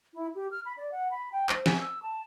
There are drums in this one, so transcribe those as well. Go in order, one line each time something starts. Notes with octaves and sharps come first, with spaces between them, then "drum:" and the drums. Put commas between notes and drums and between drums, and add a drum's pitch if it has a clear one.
E4
G4
F6
B5
D5
F#5
B5
G5
C5, drum: clap
G#5, drum: snare
E6
A5